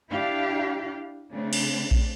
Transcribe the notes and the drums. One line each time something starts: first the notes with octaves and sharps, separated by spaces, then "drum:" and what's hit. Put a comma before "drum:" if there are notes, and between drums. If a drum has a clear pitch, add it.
D4 E4 G4 F5
C#3 A3 C4 D4
drum: cymbal
drum: kick A#1